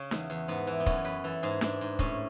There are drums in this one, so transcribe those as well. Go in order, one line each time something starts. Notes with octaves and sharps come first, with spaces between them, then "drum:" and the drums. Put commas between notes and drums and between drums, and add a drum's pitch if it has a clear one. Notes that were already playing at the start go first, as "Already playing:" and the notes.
Already playing: C#3 C#4
E2, drum: snare
E2
G#2 B3
E3
B3
F#2 C#4, drum: kick
F#2 B4
E3 A4
G#2 G#4
G#2 D4, drum: snare
G#2
A2 C#4, drum: kick